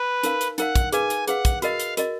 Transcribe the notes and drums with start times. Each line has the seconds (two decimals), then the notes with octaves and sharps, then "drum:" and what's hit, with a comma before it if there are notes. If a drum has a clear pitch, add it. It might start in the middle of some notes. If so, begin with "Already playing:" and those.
Already playing: B4
0.23 D#4 A#4 F5, drum: hi-hat
0.41 drum: hi-hat
0.58 D#4 A#4 F5 F#5, drum: hi-hat
0.75 drum: kick, hi-hat
0.92 G#4 B4 F5 G#5, drum: hi-hat
1.10 drum: hi-hat
1.28 G#4 B4 F5 F#5, drum: hi-hat
1.45 drum: kick, hi-hat
1.62 F#4 A#4 D#5 F5, drum: hi-hat
1.80 drum: hi-hat
1.97 F#4 A#4 D#5, drum: hi-hat